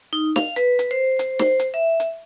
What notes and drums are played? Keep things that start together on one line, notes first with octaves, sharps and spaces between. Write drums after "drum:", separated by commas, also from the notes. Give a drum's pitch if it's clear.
D#4
F5, drum: snare
B4, drum: hi-hat
drum: hi-hat
C5
drum: hi-hat
C5, drum: snare
drum: hi-hat
E5
drum: hi-hat